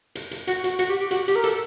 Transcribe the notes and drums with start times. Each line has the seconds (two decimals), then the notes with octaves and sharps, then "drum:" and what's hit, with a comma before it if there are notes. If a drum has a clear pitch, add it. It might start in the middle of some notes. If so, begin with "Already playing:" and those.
0.15 drum: hi-hat
0.31 drum: hi-hat
0.47 F#4, drum: hi-hat
0.64 F#4, drum: hi-hat
0.79 F#4, drum: hi-hat
0.89 G4
1.00 G4
1.11 F#4, drum: hi-hat
1.28 G4, drum: hi-hat
1.35 A#4
1.43 A4, drum: hi-hat